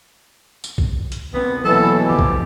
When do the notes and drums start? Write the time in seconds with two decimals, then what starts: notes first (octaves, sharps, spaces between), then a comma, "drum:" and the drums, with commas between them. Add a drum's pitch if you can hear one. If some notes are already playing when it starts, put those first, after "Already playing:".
0.64 drum: tambourine
0.78 drum: kick B1
1.12 drum: hi-hat
1.34 C2 B3 C4
1.65 B2 E3 F#3 A#3 A4
2.08 D1 C#3 F3 G4
2.19 drum: kick B1